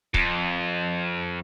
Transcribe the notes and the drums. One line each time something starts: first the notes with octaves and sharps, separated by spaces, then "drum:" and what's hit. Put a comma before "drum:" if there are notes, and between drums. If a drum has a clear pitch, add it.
F2, drum: kick C#1